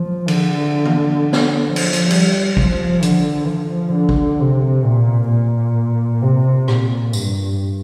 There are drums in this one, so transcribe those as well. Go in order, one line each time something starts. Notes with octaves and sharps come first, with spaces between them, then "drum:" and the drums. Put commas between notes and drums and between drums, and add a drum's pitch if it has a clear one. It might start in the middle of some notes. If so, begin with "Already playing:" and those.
Already playing: F3
D3, drum: cymbal
drum: tom E3
drum: snare
F3
drum: cymbal
drum: hi-hat
G3, drum: cymbal
F3, drum: kick
D3, drum: hi-hat
F3
D3
drum: kick
C3
A#2
A#2
C3
A#2, drum: rim click
G2, drum: tambourine